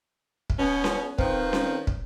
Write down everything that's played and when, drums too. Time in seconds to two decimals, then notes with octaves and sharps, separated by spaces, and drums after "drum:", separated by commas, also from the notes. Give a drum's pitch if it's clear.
0.50 drum: kick
0.59 B2 B3 C#4
0.84 drum: snare C#4
1.18 D#3 F3 C4 B4, drum: kick
1.53 drum: snare C#4
1.87 drum: kick